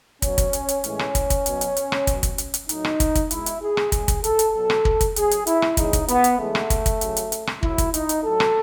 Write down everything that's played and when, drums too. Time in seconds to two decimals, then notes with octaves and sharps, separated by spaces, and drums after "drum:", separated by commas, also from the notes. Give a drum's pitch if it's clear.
0.22 B2 F#3 C#4, drum: kick, hi-hat
0.38 drum: kick, hi-hat
0.53 drum: hi-hat
0.69 drum: hi-hat
0.84 A2 E3 G#3, drum: hi-hat
0.99 drum: rim click
1.15 drum: kick, hi-hat
1.30 drum: kick, hi-hat
1.46 B2 F#3, drum: hi-hat
1.61 drum: hi-hat
1.77 drum: hi-hat
1.92 drum: rim click
2.07 B2 F#3, drum: kick, hi-hat
2.23 drum: kick, hi-hat
2.38 drum: hi-hat
2.54 drum: hi-hat
2.69 A2 F#3 D#4, drum: hi-hat
2.85 drum: rim click
3.00 drum: kick, hi-hat
3.15 drum: kick, hi-hat
3.31 B2 G#3 E4, drum: hi-hat
3.46 drum: hi-hat
3.62 G#4
3.77 drum: rim click
3.92 C#3 G#3 G#4, drum: kick, hi-hat
4.08 drum: kick, hi-hat
4.24 A4, drum: hi-hat
4.39 drum: hi-hat
4.54 B2 F#3 A4
4.70 drum: rim click
4.85 drum: kick
5.01 drum: kick, hi-hat
5.16 C#3 F#3 G#4, drum: hi-hat
5.31 drum: hi-hat
5.47 E4, drum: hi-hat
5.62 drum: rim click
5.77 C#3 E3 G#3 D#4, drum: kick, hi-hat
5.93 drum: kick, hi-hat
6.08 B3, drum: hi-hat
6.24 drum: hi-hat
6.39 C#3 E3 G#3 A3
6.55 drum: rim click
6.70 drum: kick, hi-hat
6.86 drum: kick, hi-hat
7.01 C#3 F#3, drum: hi-hat
7.17 drum: hi-hat
7.32 drum: hi-hat
7.47 drum: rim click
7.63 A2 F#3 E4, drum: kick
7.78 drum: kick, hi-hat
7.94 D#4, drum: hi-hat
8.09 drum: hi-hat
8.24 A2 F#3 A4
8.40 drum: rim click